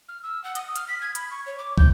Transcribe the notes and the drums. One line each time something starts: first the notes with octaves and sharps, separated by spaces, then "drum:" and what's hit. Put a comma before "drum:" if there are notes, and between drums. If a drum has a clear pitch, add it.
F6
E6
F#5
D#6, drum: hi-hat
F6, drum: hi-hat
B6
G#6
B5, drum: hi-hat
C#6
C#5
D6
G6, drum: kick